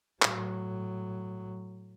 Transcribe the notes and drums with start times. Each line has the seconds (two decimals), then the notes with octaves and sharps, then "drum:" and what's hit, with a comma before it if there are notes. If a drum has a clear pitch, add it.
0.22 A2 F#3, drum: clap